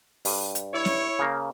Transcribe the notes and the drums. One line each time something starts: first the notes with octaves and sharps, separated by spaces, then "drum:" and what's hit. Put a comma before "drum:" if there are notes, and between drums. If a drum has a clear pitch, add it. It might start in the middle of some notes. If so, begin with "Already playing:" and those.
G2, drum: open hi-hat
drum: hi-hat
E4 C#5
drum: snare
C#3 A#3